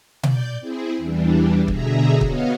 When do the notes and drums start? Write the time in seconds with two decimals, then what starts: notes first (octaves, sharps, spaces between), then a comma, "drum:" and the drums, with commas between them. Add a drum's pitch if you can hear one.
0.23 D5 G6, drum: tom B2
0.60 C4 E4 G#4
0.97 E2 E3 G3 D4
1.68 B2 D3 G#4 E5 A#5, drum: kick
2.21 B3 F#4 C#5 D#5 F5, drum: kick